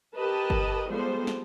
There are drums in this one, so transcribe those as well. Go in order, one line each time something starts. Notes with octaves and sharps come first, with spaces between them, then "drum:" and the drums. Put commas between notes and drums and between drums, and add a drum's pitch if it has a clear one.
G4 A#4 B4 D#5 A5
drum: kick G1
F3 G3 G#3 B3 A4 C5
drum: snare